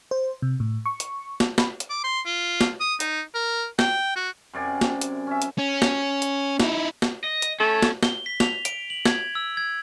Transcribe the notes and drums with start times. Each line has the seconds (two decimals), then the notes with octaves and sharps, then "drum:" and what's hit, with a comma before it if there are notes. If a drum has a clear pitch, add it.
0.11 C5
0.42 C3
0.60 A2
0.86 C#6
1.00 drum: hi-hat
1.40 drum: snare
1.58 B5, drum: snare
1.80 drum: hi-hat
1.90 D6
2.04 C6
2.26 F4
2.61 drum: snare
2.80 D#6
3.00 D#4, drum: hi-hat
3.35 A#4
3.79 G5, drum: snare
4.16 F#4
4.54 F#2 C3 D5 G#5
4.81 drum: snare
5.01 drum: hi-hat
5.27 C#4 E5
5.42 drum: hi-hat
5.58 C#4
5.82 drum: snare
6.22 drum: hi-hat
6.60 D#4 E4, drum: snare
7.02 drum: snare
7.24 D#5
7.42 drum: hi-hat
7.60 A3 C#4
7.82 drum: snare
8.03 G7, drum: snare
8.26 B6
8.40 F7, drum: snare
8.65 D7, drum: hi-hat
8.90 F#7
9.05 G#6, drum: snare
9.35 E6
9.57 G#6